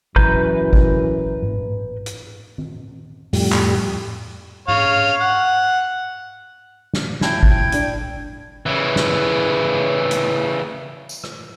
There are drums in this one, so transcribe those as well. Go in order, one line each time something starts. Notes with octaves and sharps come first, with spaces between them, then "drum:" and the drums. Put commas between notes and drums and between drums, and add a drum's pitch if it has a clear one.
F#2 E3 B4 A#5 G6, drum: kick G1
drum: kick G1
drum: tom G#2
drum: hi-hat
drum: tom D#3
F2 A2 G3, drum: open hi-hat
drum: clap
C#5 F5, drum: tom G#2
F#5
drum: snare
E4 G5 A5 G#6, drum: snare
drum: kick G1
D4 D5, drum: hi-hat
C#3 E3
drum: snare
drum: hi-hat
drum: tambourine
drum: rim click